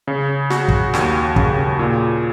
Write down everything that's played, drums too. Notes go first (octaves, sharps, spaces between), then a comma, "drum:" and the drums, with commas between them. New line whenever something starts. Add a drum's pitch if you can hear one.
C#3
F#4, drum: snare
drum: kick
D#2, drum: snare
C#3, drum: kick
A#2